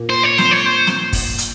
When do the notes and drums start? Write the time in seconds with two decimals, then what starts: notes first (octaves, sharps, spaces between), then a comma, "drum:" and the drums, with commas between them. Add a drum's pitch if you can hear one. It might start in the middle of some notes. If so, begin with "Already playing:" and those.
Already playing: A#2
0.10 C5
0.23 C#5
0.38 C5, drum: snare
0.51 C#5
0.66 C5
0.87 drum: snare
1.13 drum: kick, open hi-hat
1.38 drum: hi-hat